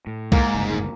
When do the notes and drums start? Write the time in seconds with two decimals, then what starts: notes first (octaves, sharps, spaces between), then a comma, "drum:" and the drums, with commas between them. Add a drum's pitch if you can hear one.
0.07 A2
0.32 G#2 A#3, drum: kick
0.54 F#1 D2 G2